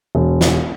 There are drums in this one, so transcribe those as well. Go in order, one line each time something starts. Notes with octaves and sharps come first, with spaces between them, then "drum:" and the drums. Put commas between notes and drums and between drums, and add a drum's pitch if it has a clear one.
E1
drum: snare